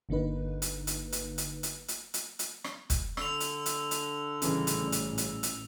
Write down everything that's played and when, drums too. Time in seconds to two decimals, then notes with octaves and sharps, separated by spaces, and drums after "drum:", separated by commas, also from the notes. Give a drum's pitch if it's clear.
0.09 G1 D3 A#3 D#4 B4
0.62 drum: hi-hat
0.87 drum: hi-hat
1.12 drum: hi-hat
1.38 drum: hi-hat
1.63 drum: hi-hat
1.88 drum: hi-hat
2.14 drum: hi-hat
2.39 drum: hi-hat
2.64 drum: rim click
2.90 drum: kick, hi-hat
3.17 D3 E6 F7, drum: rim click
3.40 drum: hi-hat
3.66 drum: hi-hat
3.91 drum: hi-hat
4.42 A1 C#3 E3 G3, drum: hi-hat
4.67 drum: hi-hat
4.92 drum: hi-hat
5.18 drum: hi-hat
5.43 drum: hi-hat